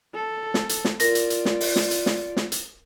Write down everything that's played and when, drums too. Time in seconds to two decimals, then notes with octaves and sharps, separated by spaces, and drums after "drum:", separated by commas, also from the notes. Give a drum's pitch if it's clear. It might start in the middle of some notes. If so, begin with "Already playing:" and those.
0.14 A4
0.54 drum: snare
0.69 drum: hi-hat
0.85 drum: snare
1.00 F4 A#4 D5 A#6, drum: hi-hat
1.15 drum: hi-hat
1.30 drum: hi-hat
1.45 drum: snare
1.61 drum: open hi-hat
1.76 drum: snare
1.91 drum: hi-hat
2.06 drum: snare
2.37 drum: snare
2.52 drum: hi-hat